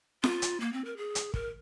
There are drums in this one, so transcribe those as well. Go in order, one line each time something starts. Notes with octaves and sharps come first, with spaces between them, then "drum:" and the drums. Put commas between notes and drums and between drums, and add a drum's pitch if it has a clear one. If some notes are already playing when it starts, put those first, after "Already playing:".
F4, drum: snare F4
drum: hi-hat
A#3
C4
A#4
G#4
drum: hi-hat
A#4, drum: kick